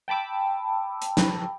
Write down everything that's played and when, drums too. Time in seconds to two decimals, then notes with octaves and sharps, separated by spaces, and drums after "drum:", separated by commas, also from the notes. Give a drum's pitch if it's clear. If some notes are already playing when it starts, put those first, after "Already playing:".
0.08 G5 A5 B5 D6 E6
1.02 drum: hi-hat
1.17 drum: snare